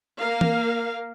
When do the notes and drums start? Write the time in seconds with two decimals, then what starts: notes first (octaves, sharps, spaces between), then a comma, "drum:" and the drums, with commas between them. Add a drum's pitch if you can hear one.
0.20 A#3 A#4 F5
0.41 drum: tom E3